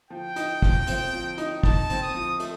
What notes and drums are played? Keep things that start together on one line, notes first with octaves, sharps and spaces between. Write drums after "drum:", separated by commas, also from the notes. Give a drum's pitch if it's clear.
F3 G5
D#4, drum: hi-hat
F3, drum: kick
C4, drum: hi-hat
F3
D#4, drum: hi-hat
D#4 A5, drum: kick
C4, drum: hi-hat
D#6
F3
A3, drum: hi-hat